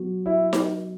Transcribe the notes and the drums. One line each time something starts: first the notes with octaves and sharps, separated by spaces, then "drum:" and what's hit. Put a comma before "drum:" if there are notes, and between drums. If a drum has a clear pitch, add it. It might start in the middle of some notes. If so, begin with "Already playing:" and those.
Already playing: F#3 B3 F#4
E4
drum: snare D#4